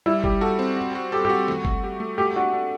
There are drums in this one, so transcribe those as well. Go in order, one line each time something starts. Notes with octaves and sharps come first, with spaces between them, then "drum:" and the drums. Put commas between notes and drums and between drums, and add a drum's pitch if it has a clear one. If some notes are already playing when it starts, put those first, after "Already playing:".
G3 E4
G3 G4, drum: kick G1
F#4 A4
C4
F#4
F#4
G4 A4
G4, drum: tom
F#4
A3, drum: snare
A3, drum: kick G1
G4
A3
A3 G4
D4 F#4
D4